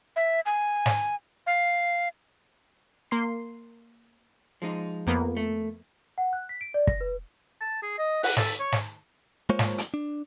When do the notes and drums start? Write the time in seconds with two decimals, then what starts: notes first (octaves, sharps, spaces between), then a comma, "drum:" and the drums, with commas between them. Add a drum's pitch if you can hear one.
0.16 E5
0.46 G#5
0.86 drum: snare
1.47 F5
3.11 A#3 C6 C7
4.62 F3 G#3 D#4
5.07 F2 A#3 B3
5.37 A3
6.18 F#5
6.33 F#6
6.49 B6
6.61 D7
6.74 D5
6.87 A#6, drum: kick
7.01 B4
7.61 A5
7.83 G#4
7.98 D#5
8.23 F#5, drum: open hi-hat
8.37 A4, drum: snare
8.60 C#5
8.72 drum: snare
9.50 G#3 A#3 F4 C5 C#5
9.59 drum: snare
9.78 drum: hi-hat
9.94 D4